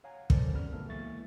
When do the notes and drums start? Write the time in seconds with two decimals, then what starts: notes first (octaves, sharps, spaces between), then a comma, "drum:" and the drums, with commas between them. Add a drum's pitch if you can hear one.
0.04 C#5 F5 F#5 G#5 A#5
0.30 A4 A#4 C5 D5, drum: kick
0.53 B3 C#4 G4 B5 F6
0.72 C#3 E3 F#3 A3 B3 A4
0.88 E3 G#3 A#3 E5 C#6 A6